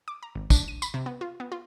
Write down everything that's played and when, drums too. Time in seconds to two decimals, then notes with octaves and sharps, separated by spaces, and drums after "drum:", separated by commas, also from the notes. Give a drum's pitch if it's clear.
0.08 D6
0.23 A#5
0.35 G#1
0.50 D4, drum: kick, tambourine
0.68 D#7
0.82 B5, drum: tambourine
0.94 C3
1.06 B3
1.21 F4
1.40 B3
1.52 F4